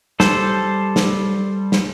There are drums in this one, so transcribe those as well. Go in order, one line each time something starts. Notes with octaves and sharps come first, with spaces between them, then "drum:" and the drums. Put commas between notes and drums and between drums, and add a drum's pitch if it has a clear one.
G3 A4 C5, drum: snare
drum: snare
drum: snare